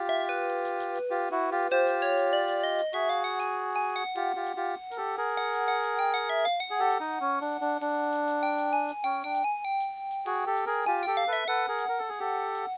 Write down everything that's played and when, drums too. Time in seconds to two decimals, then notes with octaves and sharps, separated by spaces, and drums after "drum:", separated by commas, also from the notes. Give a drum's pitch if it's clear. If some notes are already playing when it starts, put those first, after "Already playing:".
Already playing: F4 G4
0.09 E5
0.29 B4
0.50 drum: open hi-hat
0.65 drum: hi-hat
0.80 drum: hi-hat
0.95 drum: hi-hat
1.10 F4 G4
1.31 E4 F#4
1.51 F4 G4
1.71 F4 G4 C5, drum: open hi-hat
1.87 drum: hi-hat
2.02 C#5, drum: hi-hat
2.17 drum: hi-hat
2.33 D5
2.48 drum: hi-hat
2.64 D#5
2.78 drum: hi-hat
2.93 F#4 G#4 E5, drum: open hi-hat
3.09 F5, drum: hi-hat
3.24 F#5, drum: hi-hat
3.40 G#5, drum: hi-hat
3.76 G#5
3.96 F#5
4.16 F4 G4, drum: open hi-hat
4.36 F4 G4
4.46 drum: hi-hat
4.57 F4 G4
4.91 A#4, drum: hi-hat
4.97 G4 A4
5.18 G#4 A#4
5.37 F#5, drum: open hi-hat
5.53 drum: hi-hat
5.68 F#5
5.84 drum: hi-hat
5.99 G5
6.14 F#5, drum: hi-hat
6.29 E5
6.45 F5, drum: hi-hat
6.60 F#5, drum: open hi-hat
6.70 G#4
6.80 G4 A4
6.90 drum: hi-hat
7.00 D#4
7.21 C#4
7.41 D4
7.61 D4
7.81 D4, drum: open hi-hat
8.12 drum: hi-hat
8.28 drum: hi-hat
8.43 G5
8.58 drum: hi-hat
8.73 G#5
8.89 drum: hi-hat
9.04 C#4 G5, drum: open hi-hat
9.24 D4 G5
9.34 drum: hi-hat
9.44 G#5
9.65 G5
9.80 drum: hi-hat
10.11 drum: hi-hat
10.26 F#4 G#4, drum: open hi-hat
10.46 G4 A4
10.56 drum: hi-hat
10.66 G#4 A#4
10.86 F4 G4 G#5
11.03 G4 A4 G5, drum: hi-hat
11.17 F5
11.28 A4 B4
11.33 E5, drum: hi-hat
11.48 A4 B4 F#5
11.68 G#4 A#4
11.79 drum: hi-hat
11.89 A#4
11.99 A4
12.09 G#4
12.20 G4 A4
12.55 drum: hi-hat